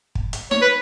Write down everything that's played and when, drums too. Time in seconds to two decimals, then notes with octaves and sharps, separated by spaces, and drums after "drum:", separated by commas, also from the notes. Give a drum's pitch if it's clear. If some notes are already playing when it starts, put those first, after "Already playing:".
0.15 drum: kick
0.33 drum: hi-hat
0.51 C#5, drum: snare D#4
0.62 B4